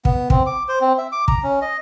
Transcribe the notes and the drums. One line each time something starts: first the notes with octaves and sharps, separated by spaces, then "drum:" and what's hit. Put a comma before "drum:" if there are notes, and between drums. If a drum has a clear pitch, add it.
B3, drum: kick
C4, drum: kick
D6
C5
C4
E5
D6
A#5, drum: kick
C#4
D#5